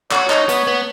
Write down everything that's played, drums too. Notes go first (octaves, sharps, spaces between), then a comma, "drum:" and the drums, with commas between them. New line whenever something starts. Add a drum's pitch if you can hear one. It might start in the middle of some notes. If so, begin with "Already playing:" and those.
F#4 C#5, drum: clap
D#4, drum: clap
B3, drum: hi-hat
B3